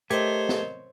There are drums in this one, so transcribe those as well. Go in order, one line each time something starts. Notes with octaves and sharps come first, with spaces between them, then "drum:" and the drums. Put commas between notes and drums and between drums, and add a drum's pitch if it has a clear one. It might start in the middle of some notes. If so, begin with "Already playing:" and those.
A3 G4 A#4 C5 C#5 D#5 G#6, drum: hi-hat
drum: snare